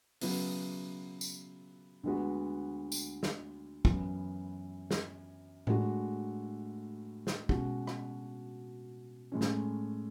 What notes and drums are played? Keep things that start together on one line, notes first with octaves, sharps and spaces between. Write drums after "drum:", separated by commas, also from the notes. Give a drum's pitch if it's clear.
C#3 F#3 B3 E4, drum: open hi-hat
drum: tambourine
D2 D3 G#3 B3 F#4
drum: tambourine
drum: snare
F#2 E3 B3, drum: kick
drum: snare
A2 G#3 D4 F#4, drum: tom A2
drum: snare
B2 G#3 C#4 F#4, drum: kick
drum: rim click
A2 G#3 C#4
drum: snare